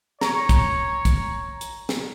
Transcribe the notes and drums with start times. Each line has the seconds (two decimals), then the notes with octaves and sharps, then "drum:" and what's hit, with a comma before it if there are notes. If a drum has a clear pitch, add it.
0.21 C#5 A#5, drum: snare
0.49 drum: kick, hi-hat
1.05 drum: kick, hi-hat
1.61 drum: hi-hat
1.89 drum: snare